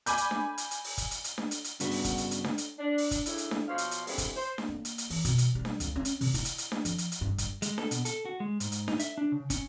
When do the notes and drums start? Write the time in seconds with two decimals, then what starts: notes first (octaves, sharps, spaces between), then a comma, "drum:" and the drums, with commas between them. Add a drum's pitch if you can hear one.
0.06 G#5 B5 D6 G6, drum: hi-hat
0.18 drum: hi-hat
0.31 drum: snare D4
0.58 drum: hi-hat
0.71 drum: hi-hat
0.84 drum: open hi-hat
0.98 drum: kick, hi-hat
1.11 drum: hi-hat
1.24 drum: hi-hat
1.38 drum: snare D4
1.51 drum: hi-hat
1.64 drum: hi-hat
1.80 G2 C#3 B3 D4 F#4, drum: hi-hat
1.91 drum: open hi-hat
2.04 drum: kick, hi-hat
2.18 drum: hi-hat
2.31 drum: hi-hat
2.44 drum: snare D4
2.58 drum: hi-hat
2.79 D4
2.98 drum: open hi-hat
3.11 drum: kick, hi-hat
3.26 A2 C#3 D4 E4, drum: hi-hat
3.38 drum: hi-hat
3.51 drum: snare D4
3.68 B2 F3 C5 C#5 F5
3.78 drum: hi-hat
3.91 drum: hi-hat
4.07 D3 E3 G3 G#3 B3 C4, drum: open hi-hat
4.18 drum: kick, hi-hat
4.36 C5
4.58 drum: snare D4
4.68 A#3
4.85 drum: hi-hat
4.98 drum: hi-hat
5.10 E3, drum: open hi-hat
5.25 B2, drum: kick, hi-hat
5.38 drum: hi-hat
5.55 G3
5.65 drum: snare D4
5.80 C#2, drum: hi-hat
5.96 C#4
6.05 drum: hi-hat
6.21 C3, drum: open hi-hat
6.34 E4, drum: kick, hi-hat
6.45 drum: hi-hat
6.58 drum: hi-hat
6.72 drum: snare D4
6.85 F3, drum: hi-hat
6.98 drum: hi-hat
7.12 drum: hi-hat
7.21 G2
7.38 drum: kick, hi-hat
7.62 G#3, drum: hi-hat
7.78 A4, drum: snare D4
7.91 B2, drum: hi-hat
8.05 A4, drum: hi-hat
8.25 F#4
8.40 G#3
8.60 G#2, drum: hi-hat
8.72 drum: hi-hat
8.88 D#4, drum: snare D4
8.99 E5, drum: hi-hat
9.18 D4
9.32 C#3
9.50 C#4, drum: kick, hi-hat